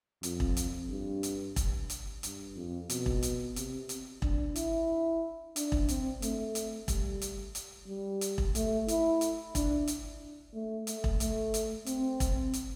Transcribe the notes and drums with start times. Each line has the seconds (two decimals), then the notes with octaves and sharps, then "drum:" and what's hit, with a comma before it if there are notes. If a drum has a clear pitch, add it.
0.23 F2, drum: hi-hat
0.40 drum: kick E1
0.57 drum: hi-hat
0.90 G2
1.23 drum: hi-hat
1.56 drum: kick E1, hi-hat
1.90 drum: hi-hat
2.23 G2, drum: hi-hat
2.56 F2
2.90 B2, drum: hi-hat
3.06 drum: kick E1
3.23 drum: hi-hat
3.56 C3, drum: hi-hat
3.89 drum: hi-hat
4.22 D4, drum: kick E1
4.56 E4, drum: hi-hat
5.56 D4, drum: hi-hat
5.72 drum: kick E1
5.89 C4, drum: hi-hat
6.22 A3, drum: hi-hat
6.55 drum: hi-hat
6.88 G3, drum: kick E1, hi-hat
7.22 drum: hi-hat
7.55 drum: hi-hat
7.87 G3
8.21 drum: hi-hat
8.38 drum: kick E1
8.55 A3, drum: hi-hat
8.88 E4, drum: hi-hat
9.21 drum: hi-hat
9.55 D4, drum: kick E1, hi-hat
9.88 drum: hi-hat
10.54 A3
10.87 A3, drum: hi-hat
11.04 drum: kick E1
11.20 A3, drum: hi-hat
11.54 drum: hi-hat
11.86 C4, drum: hi-hat
12.20 drum: kick E1, hi-hat
12.53 drum: hi-hat